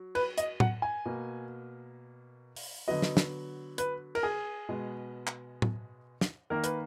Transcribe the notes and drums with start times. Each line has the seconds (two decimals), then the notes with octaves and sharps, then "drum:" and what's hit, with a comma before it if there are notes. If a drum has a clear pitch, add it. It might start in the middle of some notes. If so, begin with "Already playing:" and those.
Already playing: F#3
0.15 B4, drum: cymbal
0.38 D#5, drum: hi-hat
0.60 F#5, drum: tom
0.82 G#5
1.05 B2 A#3
2.56 drum: open hi-hat
2.88 D3 F#3 B3 D#5
3.02 drum: snare
3.17 drum: snare
3.78 B4, drum: hi-hat
4.15 A#4, drum: cymbal
4.23 G#4
4.69 B2 G#3 B3
5.27 drum: clap
5.62 drum: tom
6.21 drum: snare
6.50 D#3 A#3 A#4
6.64 B4, drum: hi-hat